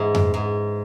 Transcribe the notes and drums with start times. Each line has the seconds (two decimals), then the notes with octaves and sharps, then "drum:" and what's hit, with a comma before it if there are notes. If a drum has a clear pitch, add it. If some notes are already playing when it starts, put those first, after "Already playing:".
Already playing: G#2 E3
0.15 drum: tom F2
0.34 G#2